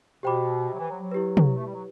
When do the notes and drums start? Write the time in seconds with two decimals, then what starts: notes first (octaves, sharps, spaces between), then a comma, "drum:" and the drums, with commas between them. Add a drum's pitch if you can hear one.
0.23 B2 G4 C5 G5 B5 D6
0.68 C3
0.73 F#3
0.79 E3
0.90 F#3
1.01 F#3
1.12 E4 G4 B4
1.37 drum: tom
1.56 A3
1.66 G3
1.74 F#3